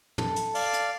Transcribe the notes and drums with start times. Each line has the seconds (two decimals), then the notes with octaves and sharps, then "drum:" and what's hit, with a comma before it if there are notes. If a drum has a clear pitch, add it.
0.18 A4, drum: tom
0.36 drum: hi-hat
0.55 D5 F5, drum: open hi-hat
0.73 drum: hi-hat